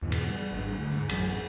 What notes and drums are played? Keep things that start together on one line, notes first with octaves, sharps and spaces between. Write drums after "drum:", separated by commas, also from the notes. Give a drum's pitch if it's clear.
E2 G#2 B2 E3
drum: cymbal
G3
G#1 G2
D2
G#2
A1 F#2 B2 F#3, drum: cymbal